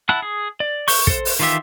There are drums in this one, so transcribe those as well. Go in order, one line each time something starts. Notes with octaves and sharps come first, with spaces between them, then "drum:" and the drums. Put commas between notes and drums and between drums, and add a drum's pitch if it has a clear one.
E4 F#5 A5 F#6
G#4
D5
C#6 G6, drum: open hi-hat
A4 C5, drum: kick
drum: open hi-hat
D#3 E3 F4 G4 E5